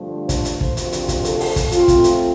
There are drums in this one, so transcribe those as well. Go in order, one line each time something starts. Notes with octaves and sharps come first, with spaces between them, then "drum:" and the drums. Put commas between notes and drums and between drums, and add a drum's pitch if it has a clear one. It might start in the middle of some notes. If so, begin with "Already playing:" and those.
Already playing: G2 D3 F3 A3
C5, drum: kick, hi-hat
drum: hi-hat
drum: kick
D2 C3 F3 C4, drum: hi-hat
drum: hi-hat
drum: kick, hi-hat
A4, drum: hi-hat
drum: open hi-hat
drum: kick, hi-hat
C3 A3 C4 F4, drum: hi-hat
drum: kick, hi-hat
drum: hi-hat